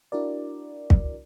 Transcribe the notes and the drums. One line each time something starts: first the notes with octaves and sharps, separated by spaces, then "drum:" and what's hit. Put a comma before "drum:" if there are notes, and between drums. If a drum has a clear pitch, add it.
D4 E4 F#4 A#4 D5
drum: kick